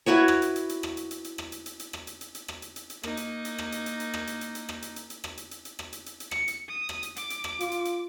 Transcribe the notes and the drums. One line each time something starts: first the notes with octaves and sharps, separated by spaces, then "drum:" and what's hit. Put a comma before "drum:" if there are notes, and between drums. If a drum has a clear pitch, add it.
E4 F#4 B4 C#5
drum: rim click
drum: hi-hat
drum: hi-hat
drum: hi-hat
drum: rim click
drum: hi-hat
drum: hi-hat
drum: hi-hat
drum: rim click
drum: hi-hat
drum: hi-hat
drum: hi-hat
drum: rim click
drum: hi-hat
drum: hi-hat
drum: hi-hat
drum: rim click
drum: hi-hat
drum: hi-hat
drum: hi-hat
A#3 D#4, drum: rim click
drum: hi-hat
drum: hi-hat
drum: rim click
drum: hi-hat
drum: hi-hat
drum: hi-hat
drum: rim click
drum: hi-hat
drum: hi-hat
drum: hi-hat
drum: rim click
drum: hi-hat
drum: hi-hat
drum: hi-hat
drum: rim click
drum: hi-hat
drum: hi-hat
drum: hi-hat
drum: rim click
drum: hi-hat
drum: hi-hat
drum: hi-hat
C#7, drum: rim click
drum: hi-hat
D#6
drum: rim click
drum: hi-hat
D6, drum: hi-hat
drum: hi-hat
drum: rim click
F4, drum: hi-hat
drum: hi-hat
drum: hi-hat